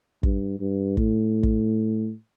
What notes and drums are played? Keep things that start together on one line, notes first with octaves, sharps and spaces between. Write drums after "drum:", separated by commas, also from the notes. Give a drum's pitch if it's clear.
G2, drum: kick
G2
A2, drum: kick
drum: kick